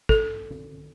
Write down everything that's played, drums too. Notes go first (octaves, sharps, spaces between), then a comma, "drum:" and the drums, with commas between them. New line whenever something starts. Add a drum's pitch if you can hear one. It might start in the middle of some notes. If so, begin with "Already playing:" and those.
A4, drum: kick
drum: tom D3